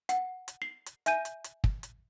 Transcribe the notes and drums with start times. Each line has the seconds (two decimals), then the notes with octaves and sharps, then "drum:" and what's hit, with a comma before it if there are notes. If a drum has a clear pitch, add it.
0.09 F#5, drum: hi-hat
0.48 drum: hi-hat
0.62 C7
0.86 drum: hi-hat
1.06 E5 G#5 G6 D#7, drum: hi-hat
1.25 drum: hi-hat
1.44 drum: hi-hat
1.64 drum: kick
1.83 drum: hi-hat